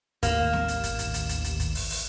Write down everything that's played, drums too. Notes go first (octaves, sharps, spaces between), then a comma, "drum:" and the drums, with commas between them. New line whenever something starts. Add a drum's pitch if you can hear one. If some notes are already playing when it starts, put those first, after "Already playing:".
A1 D#2 A#3 E7, drum: kick, hi-hat
drum: snare
drum: hi-hat
drum: kick, hi-hat
drum: hi-hat
drum: hi-hat
drum: hi-hat
drum: hi-hat
drum: kick, hi-hat
drum: open hi-hat
drum: open hi-hat